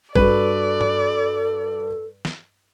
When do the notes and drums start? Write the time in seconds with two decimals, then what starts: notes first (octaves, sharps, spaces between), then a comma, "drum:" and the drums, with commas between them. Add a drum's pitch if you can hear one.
0.15 G2 F#4 A4 B4 D5, drum: kick A1
0.81 drum: tom G2
2.25 drum: snare